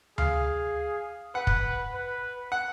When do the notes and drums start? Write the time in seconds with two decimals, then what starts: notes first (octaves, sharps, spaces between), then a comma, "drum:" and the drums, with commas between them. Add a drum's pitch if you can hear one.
0.18 G#4 F5, drum: tom D2
1.35 B4 F#5
1.47 drum: kick
1.94 B4
2.52 F#5